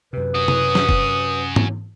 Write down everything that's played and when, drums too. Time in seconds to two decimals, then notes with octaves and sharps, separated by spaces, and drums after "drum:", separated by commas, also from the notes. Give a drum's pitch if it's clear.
0.13 F#2 C3 B4
0.35 C#4 F#4 D#6
0.48 drum: tom C3
0.75 drum: snare
0.89 drum: kick F1
1.56 drum: tom G#2